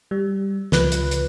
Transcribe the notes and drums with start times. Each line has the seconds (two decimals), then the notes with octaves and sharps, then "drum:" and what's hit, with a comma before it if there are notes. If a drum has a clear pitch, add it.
0.11 G3
0.72 C#2 F3 B4 F#6, drum: snare
0.92 drum: hi-hat
1.11 drum: hi-hat